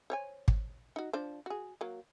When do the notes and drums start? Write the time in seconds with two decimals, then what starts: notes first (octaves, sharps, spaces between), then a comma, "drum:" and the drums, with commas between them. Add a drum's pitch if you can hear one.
0.10 C5 C#5 G#5
0.48 drum: kick
0.96 D#4 F#4
1.13 F3 D4 C5
1.46 F#4 G#4
1.81 F#3 A#3